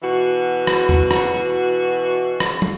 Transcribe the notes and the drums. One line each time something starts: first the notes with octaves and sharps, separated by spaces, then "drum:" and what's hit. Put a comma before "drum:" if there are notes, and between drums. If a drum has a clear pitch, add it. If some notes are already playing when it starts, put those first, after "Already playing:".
B2 E3 F#4
drum: rim click
drum: tom E2
drum: rim click
drum: rim click
drum: tom